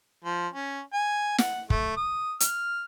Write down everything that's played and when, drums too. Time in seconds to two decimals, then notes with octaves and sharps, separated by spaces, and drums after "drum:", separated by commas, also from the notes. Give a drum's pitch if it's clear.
0.25 F3
0.53 C#4
0.93 G#5
1.38 F#5, drum: snare
1.70 A3, drum: kick
1.96 D#6
2.40 F6, drum: hi-hat